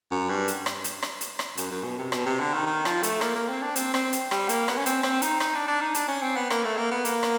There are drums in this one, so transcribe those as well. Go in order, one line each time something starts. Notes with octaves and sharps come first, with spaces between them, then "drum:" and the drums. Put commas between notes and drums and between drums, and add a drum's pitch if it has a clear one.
F#2
G2
drum: hi-hat
drum: rim click
drum: hi-hat
drum: rim click
drum: hi-hat
drum: rim click
F#2, drum: hi-hat
F#2
B2
C3
B2, drum: rim click
C3
D3
D#3
D#3
F3, drum: rim click
A3, drum: hi-hat
A#3, drum: rim click
A#3
C4
D4
C4, drum: hi-hat
C4, drum: rim click
drum: hi-hat
G3, drum: rim click
A#3, drum: hi-hat
B3, drum: rim click
C#4
C4, drum: hi-hat
C4, drum: rim click
D#4, drum: hi-hat
D#4, drum: rim click
D4
D4
D#4
D4, drum: hi-hat
C#4
C4
B3
A#3, drum: rim click
A3
A#3
B3
A#3, drum: hi-hat
drum: rim click